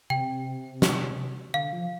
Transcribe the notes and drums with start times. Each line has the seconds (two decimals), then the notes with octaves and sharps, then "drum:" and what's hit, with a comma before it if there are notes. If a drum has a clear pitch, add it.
0.10 C3 G5
0.82 drum: snare
1.54 D3 F5
1.73 F3